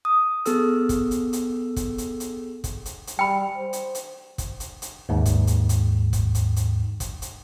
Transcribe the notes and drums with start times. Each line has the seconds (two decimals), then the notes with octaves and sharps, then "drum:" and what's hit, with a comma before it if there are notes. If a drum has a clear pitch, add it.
0.05 D#6
0.45 B3 G#4 A4 E6, drum: hi-hat
0.89 drum: kick, hi-hat
1.11 drum: hi-hat
1.33 drum: hi-hat
1.76 drum: kick, hi-hat
1.98 drum: hi-hat
2.20 drum: hi-hat
2.64 drum: kick, hi-hat
2.85 drum: hi-hat
3.07 drum: hi-hat
3.19 G3 G5 B5
3.57 C5
3.73 drum: hi-hat
3.95 drum: hi-hat
4.38 drum: kick, hi-hat
4.60 drum: hi-hat
4.82 drum: hi-hat
5.09 D#2 G#2
5.26 drum: kick, hi-hat
5.47 drum: hi-hat
5.69 drum: hi-hat
6.13 drum: kick, hi-hat
6.35 drum: hi-hat
6.56 drum: hi-hat
7.00 drum: kick, hi-hat
7.22 drum: hi-hat